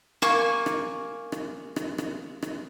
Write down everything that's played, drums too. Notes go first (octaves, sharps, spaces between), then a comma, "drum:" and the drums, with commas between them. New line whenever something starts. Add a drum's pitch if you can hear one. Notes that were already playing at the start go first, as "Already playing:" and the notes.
A#3 G#5 C#6, drum: rim click
drum: rim click
drum: rim click
drum: rim click
drum: rim click
drum: rim click